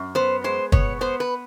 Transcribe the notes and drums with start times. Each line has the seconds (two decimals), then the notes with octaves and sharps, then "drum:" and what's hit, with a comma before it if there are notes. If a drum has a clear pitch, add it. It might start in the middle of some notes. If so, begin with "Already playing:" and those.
Already playing: F#2
0.15 B3 C5
0.44 G#3 C5
0.72 B3 C#5, drum: kick
1.01 B3 C5
1.20 B4